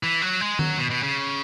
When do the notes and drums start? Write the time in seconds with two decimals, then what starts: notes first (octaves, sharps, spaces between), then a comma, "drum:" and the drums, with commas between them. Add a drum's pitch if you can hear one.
0.03 E3
0.22 F#3
0.41 G#3
0.59 F#3, drum: tom D#3
0.78 B2
0.90 B2
1.03 C#3